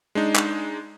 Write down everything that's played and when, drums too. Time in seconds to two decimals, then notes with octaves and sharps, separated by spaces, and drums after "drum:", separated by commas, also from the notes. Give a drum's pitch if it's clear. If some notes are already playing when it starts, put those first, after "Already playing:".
0.15 G#3 D4 D#4
0.35 drum: clap